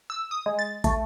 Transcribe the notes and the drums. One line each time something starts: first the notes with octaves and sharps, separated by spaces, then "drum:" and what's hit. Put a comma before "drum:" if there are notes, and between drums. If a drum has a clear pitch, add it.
E6
D#6
G#3
A6
A3, drum: kick, hi-hat